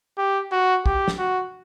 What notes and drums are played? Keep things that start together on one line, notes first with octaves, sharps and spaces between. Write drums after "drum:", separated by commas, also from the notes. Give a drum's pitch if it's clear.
G4
F#4
G4, drum: kick
drum: snare
F#4